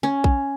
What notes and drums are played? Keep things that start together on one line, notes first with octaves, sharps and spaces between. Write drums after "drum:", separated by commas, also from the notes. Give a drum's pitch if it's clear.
C#4
drum: kick A#1